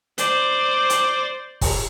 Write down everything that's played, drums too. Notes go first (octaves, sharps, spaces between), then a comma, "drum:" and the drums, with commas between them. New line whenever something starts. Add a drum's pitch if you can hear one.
C5 D5, drum: hi-hat
drum: hi-hat
drum: kick, open hi-hat